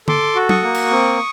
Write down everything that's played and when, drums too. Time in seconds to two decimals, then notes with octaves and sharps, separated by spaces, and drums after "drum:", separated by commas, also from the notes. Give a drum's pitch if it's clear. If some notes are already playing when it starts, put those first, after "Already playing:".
0.08 A4 C6 D6, drum: tom D3
0.36 F#4
0.49 C#6 D#6, drum: tom
0.63 A#3
0.74 drum: cymbal
0.91 C4